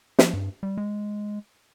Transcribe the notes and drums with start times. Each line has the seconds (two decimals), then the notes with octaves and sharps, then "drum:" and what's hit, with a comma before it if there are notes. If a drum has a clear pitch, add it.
0.19 F3, drum: snare
0.34 G2
0.63 G3
0.77 G#3